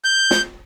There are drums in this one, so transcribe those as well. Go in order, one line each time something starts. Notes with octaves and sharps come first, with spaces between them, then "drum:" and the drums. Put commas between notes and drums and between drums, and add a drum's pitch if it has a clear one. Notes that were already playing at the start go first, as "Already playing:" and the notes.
G6
drum: snare